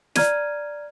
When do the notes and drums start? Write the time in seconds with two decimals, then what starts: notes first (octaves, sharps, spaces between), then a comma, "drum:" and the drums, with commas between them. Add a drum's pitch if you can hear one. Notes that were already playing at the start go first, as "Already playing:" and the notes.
0.15 D5 A#5 F6 G#6 D#7, drum: snare